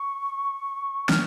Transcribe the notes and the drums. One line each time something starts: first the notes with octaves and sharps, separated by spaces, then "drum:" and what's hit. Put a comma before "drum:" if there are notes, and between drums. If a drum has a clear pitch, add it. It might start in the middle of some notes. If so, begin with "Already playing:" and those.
Already playing: C#6
F6, drum: snare